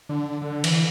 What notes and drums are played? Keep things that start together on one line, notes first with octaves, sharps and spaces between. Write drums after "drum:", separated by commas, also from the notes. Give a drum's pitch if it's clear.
D3
D3
E3, drum: cymbal